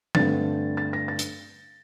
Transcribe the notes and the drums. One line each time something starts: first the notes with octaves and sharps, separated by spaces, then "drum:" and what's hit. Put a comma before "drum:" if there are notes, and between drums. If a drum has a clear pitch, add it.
G2 D3 A3 C4 A6, drum: tom
A6
A#6
A6
drum: hi-hat